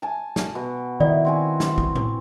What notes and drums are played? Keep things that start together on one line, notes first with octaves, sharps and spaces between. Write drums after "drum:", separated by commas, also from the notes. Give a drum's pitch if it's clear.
G#5 A5
drum: snare
B2
D#3 E4 D5
C4 F#4 G#5
drum: snare
drum: kick A1
drum: tom A2